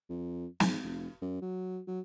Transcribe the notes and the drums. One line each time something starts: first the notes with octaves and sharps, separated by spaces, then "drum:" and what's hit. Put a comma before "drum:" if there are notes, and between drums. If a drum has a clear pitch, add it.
F2
G#2, drum: snare
F1
F#2
F#3
F#3